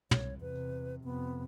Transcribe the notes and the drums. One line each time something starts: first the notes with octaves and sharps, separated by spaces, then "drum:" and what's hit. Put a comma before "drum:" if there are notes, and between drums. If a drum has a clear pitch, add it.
C2 C#5, drum: tom
E2 C3 B4
F2 C3 B3